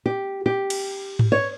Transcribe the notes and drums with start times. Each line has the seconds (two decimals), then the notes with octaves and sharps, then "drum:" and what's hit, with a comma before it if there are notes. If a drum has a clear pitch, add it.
0.06 G4
0.46 G4
0.70 drum: cymbal
1.19 drum: tom G#2
1.32 C#5